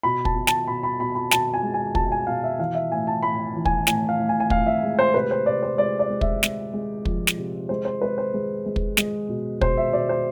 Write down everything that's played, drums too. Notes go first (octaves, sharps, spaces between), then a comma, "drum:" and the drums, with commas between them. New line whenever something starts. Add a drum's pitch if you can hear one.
B2 B5
A5, drum: kick
B2
A5, drum: snare
B2 B5
B5
B2 B5
B5
B2 A5, drum: snare
G#5
G#3
G#5
B2 A5, drum: kick
G#5
B2 F5
E5
E3 F5
E5
A2 G#5
A5
A2 B5
E3
G#5, drum: kick
A2 G#5, drum: snare
F5
A2
G#5
G#5
A2 F5, drum: kick
E5
G#3
C5
C3 B4
C5
C3 D5
C5
G#3 D5
D5
G#3
E5, drum: kick
G#3, drum: snare
G#3
F3, drum: kick
drum: snare
C3
G#3 C5
C5
G#3 B4
C5
G#3
G#3
drum: kick
G#3, drum: snare
B2
B2 C5, drum: kick
E5
B2 D5
C5